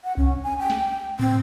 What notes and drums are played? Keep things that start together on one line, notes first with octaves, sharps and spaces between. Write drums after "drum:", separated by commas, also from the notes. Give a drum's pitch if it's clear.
F#5
C#4, drum: kick C2
G#5
G5
drum: snare
C4, drum: tom